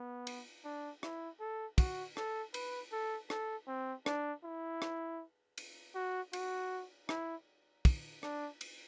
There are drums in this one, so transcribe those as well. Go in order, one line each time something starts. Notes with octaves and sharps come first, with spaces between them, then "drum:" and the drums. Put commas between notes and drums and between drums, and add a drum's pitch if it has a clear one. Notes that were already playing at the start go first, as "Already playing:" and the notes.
Already playing: B3
drum: cymbal
D4
E4, drum: rim click
A4
F#4, drum: kick, cymbal
A4, drum: rim click
B4, drum: cymbal
A4
A4, drum: rim click
C4
D4, drum: rim click
E4
drum: rim click
drum: cymbal
F#4
F#4, drum: cymbal
E4, drum: rim click
drum: kick, cymbal
D4, drum: rim click
drum: cymbal